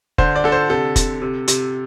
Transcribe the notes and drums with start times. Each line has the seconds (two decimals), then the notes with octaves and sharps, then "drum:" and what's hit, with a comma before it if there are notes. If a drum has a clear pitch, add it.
0.18 D3 C5, drum: kick F1
0.35 D5
0.44 D3 A4
0.52 C5
0.69 C3 A4
0.96 C3, drum: kick F1, hi-hat
1.22 C3
1.48 C3, drum: hi-hat